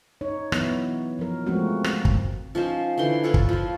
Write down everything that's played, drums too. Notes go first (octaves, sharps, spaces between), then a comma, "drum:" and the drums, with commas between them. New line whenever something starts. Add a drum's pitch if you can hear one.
D#4 C#5
E3 F#3 B3 E4, drum: rim click
F3 A#4
F3 G#3 A3 C4 F#4
C4, drum: rim click
drum: kick
F3 C#4 D#4 C5
D3 E3 G5 C6
F4 A4 B4 C#5
drum: kick
F3 F4